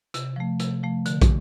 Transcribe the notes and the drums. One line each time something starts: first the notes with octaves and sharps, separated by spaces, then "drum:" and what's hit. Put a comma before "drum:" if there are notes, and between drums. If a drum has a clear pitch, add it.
C3, drum: hi-hat
F3 A3
C3, drum: hi-hat
F3 A3
D3, drum: hi-hat
drum: kick, hi-hat